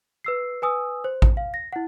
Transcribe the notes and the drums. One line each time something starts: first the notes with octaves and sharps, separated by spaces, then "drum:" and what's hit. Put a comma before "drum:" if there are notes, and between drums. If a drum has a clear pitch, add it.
B4 E6 C7
B4 G#5 D#6 E6
C5
drum: kick A1
F5
A#6
E4 F#5